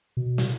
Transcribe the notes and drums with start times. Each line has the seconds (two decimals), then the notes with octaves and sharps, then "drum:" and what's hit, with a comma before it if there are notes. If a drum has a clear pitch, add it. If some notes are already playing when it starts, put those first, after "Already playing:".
0.17 B2
0.38 drum: snare